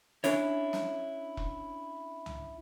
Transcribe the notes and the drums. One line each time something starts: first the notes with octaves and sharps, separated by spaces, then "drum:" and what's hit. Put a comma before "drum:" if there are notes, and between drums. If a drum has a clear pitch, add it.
C#4 D4 E4 C#5, drum: hi-hat
drum: snare
drum: kick E1
drum: tom C2